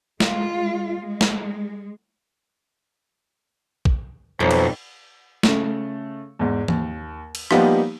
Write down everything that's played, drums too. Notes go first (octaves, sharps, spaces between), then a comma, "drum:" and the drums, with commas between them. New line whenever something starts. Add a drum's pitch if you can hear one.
G#3 F4, drum: snare
G#3
drum: snare
drum: kick
B1 F2 C5
drum: cymbal
C#3 A3, drum: snare
E2 G#2
D#2, drum: tom
drum: cymbal
F3 G3 A#3 B3 D#4 G4, drum: rim click